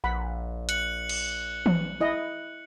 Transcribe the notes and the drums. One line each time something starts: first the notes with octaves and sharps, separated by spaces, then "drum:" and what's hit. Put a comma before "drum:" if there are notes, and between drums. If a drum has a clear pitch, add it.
A#1 F#5 B5
F#6 C#7 F#7, drum: hi-hat
drum: cymbal
drum: tom E3
E4 D#5